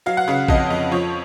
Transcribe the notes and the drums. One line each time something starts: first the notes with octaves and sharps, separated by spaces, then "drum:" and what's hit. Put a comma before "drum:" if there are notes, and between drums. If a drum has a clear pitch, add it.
F#3 F5
F#5
C#3 F5
F2 D#5, drum: kick
F2
F3 C#5